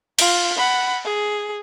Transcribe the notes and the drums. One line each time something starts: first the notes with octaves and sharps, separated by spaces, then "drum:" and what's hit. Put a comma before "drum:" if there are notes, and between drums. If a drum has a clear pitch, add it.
F4, drum: cymbal
F#5 B5
G#4